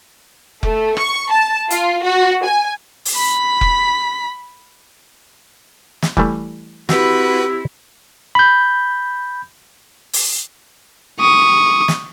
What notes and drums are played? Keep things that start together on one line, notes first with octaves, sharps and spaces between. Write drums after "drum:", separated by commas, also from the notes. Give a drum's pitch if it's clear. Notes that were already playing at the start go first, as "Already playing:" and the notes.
A3, drum: kick F1
C#6, drum: rim click
A5
F4, drum: hi-hat
F#4
G#5
drum: open hi-hat
B5 B6
drum: kick F1
drum: snare
E3 G3 A3, drum: kick F1
C4 E4 F#4 G4 B4 E6, drum: snare
B5 G6
drum: open hi-hat
C#6 D#6
drum: snare